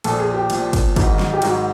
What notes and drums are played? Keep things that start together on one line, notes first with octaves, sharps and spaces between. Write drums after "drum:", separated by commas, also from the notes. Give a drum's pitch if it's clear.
A#1 A#2 F3 A4, drum: cymbal
G#4
G4
A#1 A#2 F3, drum: cymbal
drum: kick, cymbal
G#1 G#2 D#3 F#3, drum: kick, cymbal
drum: snare
G4
G#1 G#2 D#3 F#3 F#4, drum: cymbal